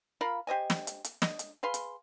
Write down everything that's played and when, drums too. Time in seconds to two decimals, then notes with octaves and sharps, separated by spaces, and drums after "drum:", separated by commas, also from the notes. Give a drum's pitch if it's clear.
0.21 F4 A#4 F5 B5
0.47 G4 C5 D#5 G#5
0.70 drum: snare
0.87 drum: hi-hat
1.04 drum: hi-hat
1.22 D#5, drum: snare
1.39 drum: hi-hat
1.63 G#4 B4 F5 C6
1.74 drum: hi-hat